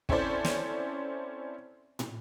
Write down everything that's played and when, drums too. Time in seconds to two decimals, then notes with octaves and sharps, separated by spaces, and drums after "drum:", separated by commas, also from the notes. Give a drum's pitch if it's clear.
0.09 C4 C#4 E4 A4 C5 D5, drum: kick
0.45 drum: snare
1.99 drum: tom